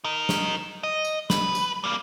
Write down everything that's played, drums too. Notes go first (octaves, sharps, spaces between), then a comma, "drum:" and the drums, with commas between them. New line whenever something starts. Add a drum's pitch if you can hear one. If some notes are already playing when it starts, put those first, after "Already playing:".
D#4 A#4
drum: snare
D#5
drum: tambourine
B4, drum: snare
drum: tambourine
G3 A#3